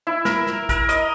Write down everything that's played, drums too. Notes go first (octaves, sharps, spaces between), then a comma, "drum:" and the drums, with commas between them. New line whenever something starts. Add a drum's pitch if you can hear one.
E4
A#4, drum: snare
drum: snare
A#4, drum: kick, hi-hat
D#5, drum: hi-hat